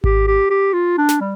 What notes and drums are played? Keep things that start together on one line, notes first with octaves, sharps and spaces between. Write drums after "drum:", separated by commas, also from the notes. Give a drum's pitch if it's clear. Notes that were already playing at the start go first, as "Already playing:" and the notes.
G4, drum: kick G#1
G4
G4
F4
D4
drum: snare
G3